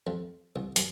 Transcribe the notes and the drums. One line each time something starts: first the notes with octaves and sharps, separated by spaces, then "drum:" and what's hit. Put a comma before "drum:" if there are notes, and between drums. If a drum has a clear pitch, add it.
F2
C2
F#2, drum: hi-hat